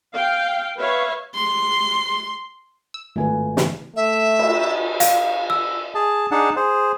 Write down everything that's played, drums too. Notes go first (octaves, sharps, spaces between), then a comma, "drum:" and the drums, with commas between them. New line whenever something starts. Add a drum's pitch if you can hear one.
F5 G5
B4 C#5 E5 F5
C6
E6
G#1 A3 F4 B4 G#5
C#3 E3 C4, drum: snare
A3 E5
drum: cymbal
F5, drum: hi-hat
E6
G#4 A5
D4 D#4 G#4 F#5 A5
G#4 C5